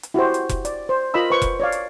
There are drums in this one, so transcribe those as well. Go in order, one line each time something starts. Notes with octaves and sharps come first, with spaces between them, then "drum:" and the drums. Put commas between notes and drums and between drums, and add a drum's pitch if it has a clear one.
drum: hi-hat
E4 F#4 G4 C5
drum: hi-hat
drum: kick F1, hi-hat
D5, drum: hi-hat
C5
F4 A#4 D#5 B5 E6
B4 C5 C#6
drum: kick F1, hi-hat
C#5 D5 F5
drum: hi-hat